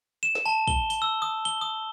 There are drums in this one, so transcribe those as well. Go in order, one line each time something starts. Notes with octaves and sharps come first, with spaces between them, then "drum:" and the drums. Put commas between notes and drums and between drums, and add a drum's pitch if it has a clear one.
E7
drum: snare
A5
G7, drum: kick
G7, drum: tambourine
E6
D#6
G7
D#6